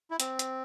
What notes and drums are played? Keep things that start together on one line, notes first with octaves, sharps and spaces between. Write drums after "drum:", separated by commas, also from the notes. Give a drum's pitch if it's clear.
E4
C4, drum: hi-hat
drum: hi-hat